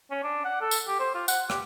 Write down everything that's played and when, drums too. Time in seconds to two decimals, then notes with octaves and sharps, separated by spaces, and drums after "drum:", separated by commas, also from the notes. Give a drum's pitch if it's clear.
0.11 C#4
0.23 D4
0.45 F#5
0.62 A4
0.71 drum: tambourine
0.88 G4
1.00 C5
1.15 F4
1.28 F#5, drum: tambourine
1.50 G4, drum: rim click